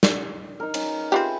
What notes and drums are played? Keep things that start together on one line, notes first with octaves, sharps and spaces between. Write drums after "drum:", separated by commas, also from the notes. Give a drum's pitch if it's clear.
drum: snare
D#4 A#4
C#4 D#4, drum: cymbal
C4 F4 G4 G#4 B4 E5